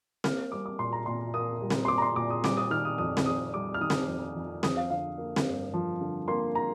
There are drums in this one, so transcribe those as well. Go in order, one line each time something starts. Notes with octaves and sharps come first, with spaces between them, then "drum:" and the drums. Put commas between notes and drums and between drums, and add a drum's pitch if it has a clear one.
A#3 F6, drum: snare C4
G3 D6
D6
A#2 C6
A#5
A#2 C6
A#3 D#6
G3
drum: snare C4
C6
A#2 D6
A#5
C6
A#2 D6
D#6
G3 D6, drum: snare C4
D#6
D#3 F6
D#6
F2 D#6
drum: snare C4
F2 D#6
G3 D6
F6
D#3 D#6
drum: snare C4
F2
F2
F3 D#6, drum: snare C4
F5
D3 F5
A#3
drum: snare C4
G2
F3
D3
A#3 C6
A#5